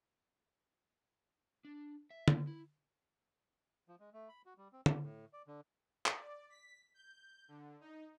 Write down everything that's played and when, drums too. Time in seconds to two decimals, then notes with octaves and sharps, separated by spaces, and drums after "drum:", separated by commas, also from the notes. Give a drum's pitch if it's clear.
1.65 D4
2.10 E5
2.28 A#3, drum: tom
2.47 E4
3.88 F3
4.00 G#3
4.13 A3
4.29 B5
4.46 F#4
4.58 G3
4.73 C4
4.86 D5, drum: tom
5.03 A2
5.33 D5
5.47 D3
6.06 D5, drum: clap
6.50 B6
6.94 G6
7.48 D3
7.81 D#4